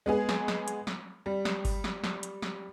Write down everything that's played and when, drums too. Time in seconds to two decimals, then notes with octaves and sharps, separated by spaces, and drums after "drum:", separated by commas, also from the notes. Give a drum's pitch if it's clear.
0.06 G#3 B3 G#4
0.29 drum: snare
0.48 drum: snare
0.68 drum: hi-hat
0.87 drum: snare
1.26 G3
1.45 drum: snare
1.65 drum: kick G1, open hi-hat
1.84 drum: snare
2.04 drum: snare
2.23 drum: hi-hat
2.42 drum: snare